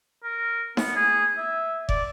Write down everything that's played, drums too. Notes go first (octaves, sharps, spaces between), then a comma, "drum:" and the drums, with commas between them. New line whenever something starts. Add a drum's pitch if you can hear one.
A#4
B3, drum: snare D#4
G#4
E5
D5, drum: kick F1